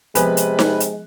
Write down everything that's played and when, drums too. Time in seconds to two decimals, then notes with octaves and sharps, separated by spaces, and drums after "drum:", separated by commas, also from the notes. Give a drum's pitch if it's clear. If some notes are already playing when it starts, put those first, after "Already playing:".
0.15 C3 F3 G#3 B3 B4 G#5, drum: hi-hat
0.37 drum: hi-hat
0.59 drum: snare D#4
0.80 drum: hi-hat